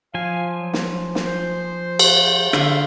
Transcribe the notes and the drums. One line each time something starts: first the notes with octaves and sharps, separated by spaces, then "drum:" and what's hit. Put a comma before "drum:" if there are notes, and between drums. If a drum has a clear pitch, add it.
F3 F5 G#5
F#3
drum: snare
drum: snare
C5
drum: cymbal
D3 E5 F5, drum: rim click